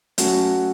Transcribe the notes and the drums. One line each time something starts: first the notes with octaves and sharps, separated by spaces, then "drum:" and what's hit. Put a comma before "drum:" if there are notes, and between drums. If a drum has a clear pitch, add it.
F#3 A3 C#4 F#4, drum: hi-hat